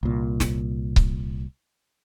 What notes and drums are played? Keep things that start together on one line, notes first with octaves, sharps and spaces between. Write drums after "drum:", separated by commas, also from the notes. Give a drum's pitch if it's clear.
C2 A#2
drum: snare
drum: kick C#1